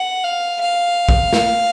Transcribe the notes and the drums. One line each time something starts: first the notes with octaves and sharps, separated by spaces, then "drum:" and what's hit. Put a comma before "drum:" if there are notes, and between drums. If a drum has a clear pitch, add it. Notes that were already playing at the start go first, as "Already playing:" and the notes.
Already playing: F#5
F5
F5
drum: kick
drum: snare